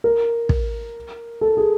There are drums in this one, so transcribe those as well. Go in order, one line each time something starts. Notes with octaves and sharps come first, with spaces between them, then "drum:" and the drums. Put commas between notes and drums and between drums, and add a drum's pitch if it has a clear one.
A#4
drum: kick
A4
G#4